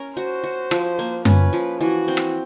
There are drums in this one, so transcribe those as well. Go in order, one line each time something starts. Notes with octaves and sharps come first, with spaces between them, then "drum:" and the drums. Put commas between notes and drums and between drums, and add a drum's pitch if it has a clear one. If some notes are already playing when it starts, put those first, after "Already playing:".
Already playing: C#4 A#4
F#4 C5
F#4
F3, drum: rim click
A#3
C#4 B4, drum: tom F#2
F3
E3 F#4
C4
drum: rim click